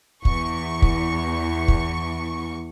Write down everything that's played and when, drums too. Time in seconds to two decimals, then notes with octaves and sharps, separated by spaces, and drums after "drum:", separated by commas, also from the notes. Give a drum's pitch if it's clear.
0.25 E2 C#6, drum: kick
0.82 drum: kick
1.68 drum: kick